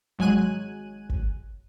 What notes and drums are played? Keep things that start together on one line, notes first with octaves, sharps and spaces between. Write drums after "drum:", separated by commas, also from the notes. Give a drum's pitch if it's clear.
G#1 F#3 G#3 G#5 F#6 D#7
drum: kick G1